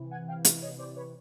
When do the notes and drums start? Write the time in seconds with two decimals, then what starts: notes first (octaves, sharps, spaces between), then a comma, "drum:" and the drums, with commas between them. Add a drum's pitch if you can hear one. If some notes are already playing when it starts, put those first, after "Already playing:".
Already playing: C3 E3
0.11 F#5 G#5
0.28 F5 G5
0.45 D#5 F5, drum: hi-hat
0.62 C#5 D#5
0.79 C5 D5
0.96 B4 C#5